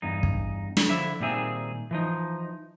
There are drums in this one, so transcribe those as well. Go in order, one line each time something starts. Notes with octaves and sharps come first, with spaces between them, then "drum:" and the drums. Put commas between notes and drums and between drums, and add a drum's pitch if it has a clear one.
E2 G2 D#4
drum: kick
drum: snare
D3 F3 E4 E5
A#2 D#3 G3 C4 G#4 E5
E3 F3 D#4